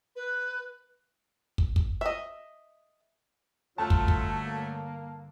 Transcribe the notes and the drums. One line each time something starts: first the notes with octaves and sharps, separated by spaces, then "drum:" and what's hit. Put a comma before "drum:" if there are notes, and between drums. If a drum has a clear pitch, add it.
B4
drum: kick
drum: kick
D#5 E5
G2 D3 F#3 A3 F4 A5
drum: kick
drum: kick
A#3